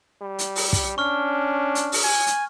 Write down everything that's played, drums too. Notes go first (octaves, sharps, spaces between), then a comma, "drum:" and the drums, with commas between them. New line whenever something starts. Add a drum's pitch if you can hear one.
G3
drum: hi-hat
drum: open hi-hat
drum: kick, hi-hat
C#4 D4 C#6 F6
drum: hi-hat
drum: open hi-hat
G#5
drum: hi-hat